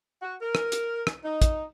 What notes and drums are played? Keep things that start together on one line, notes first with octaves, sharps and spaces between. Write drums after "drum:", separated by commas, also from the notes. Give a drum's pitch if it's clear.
F#4
A#4
drum: rim click
drum: hi-hat
drum: rim click
D#4
drum: kick, hi-hat